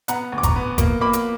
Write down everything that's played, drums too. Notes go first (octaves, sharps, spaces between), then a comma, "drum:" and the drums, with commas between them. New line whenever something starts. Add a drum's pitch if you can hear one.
B3 F#5 A#5, drum: hi-hat
D2
D6
A#5 C#6, drum: kick F#1, hi-hat
B3
A#3, drum: kick F#1, hi-hat
A#3 B5 D6
drum: hi-hat